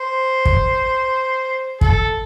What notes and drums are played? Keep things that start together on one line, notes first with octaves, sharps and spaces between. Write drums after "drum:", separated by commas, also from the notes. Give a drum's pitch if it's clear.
C5
drum: kick
A4, drum: kick